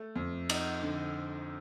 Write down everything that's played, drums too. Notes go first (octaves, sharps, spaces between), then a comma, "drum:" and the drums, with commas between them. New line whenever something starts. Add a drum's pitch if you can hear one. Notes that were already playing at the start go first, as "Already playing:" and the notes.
Already playing: A3
F2
D#4, drum: cymbal
D3